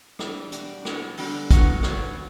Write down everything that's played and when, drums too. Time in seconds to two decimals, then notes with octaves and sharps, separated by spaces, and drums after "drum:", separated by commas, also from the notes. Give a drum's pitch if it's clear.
0.19 E3 G3 D4, drum: rim click
0.52 B2 G3 D4, drum: hi-hat
0.85 E2 B2 F#3 B3 F#4, drum: rim click
1.17 E2 D3 G3 D4 F#4, drum: open hi-hat
1.51 A2 F#3 B3 F#4, drum: kick, hi-hat
1.83 E2 B2 F#3 B3, drum: rim click